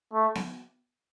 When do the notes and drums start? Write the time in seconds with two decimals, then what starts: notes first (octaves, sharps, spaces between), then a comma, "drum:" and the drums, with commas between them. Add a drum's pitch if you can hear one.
0.13 A3
0.35 drum: snare B3